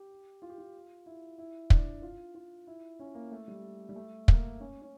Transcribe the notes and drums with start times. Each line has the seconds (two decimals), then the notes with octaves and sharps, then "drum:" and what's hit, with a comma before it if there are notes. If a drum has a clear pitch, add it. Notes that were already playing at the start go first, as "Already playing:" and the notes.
Already playing: G4
0.42 F4
0.50 G4
0.58 F4
1.06 E4
1.38 E4
1.70 D4, drum: kick
2.02 F4
2.35 F4
2.67 E4
2.99 C#4
3.15 A#3
3.32 A3
3.48 G3
3.89 G3
3.96 A3
4.28 A#3, drum: kick
4.60 C#4
4.82 C#4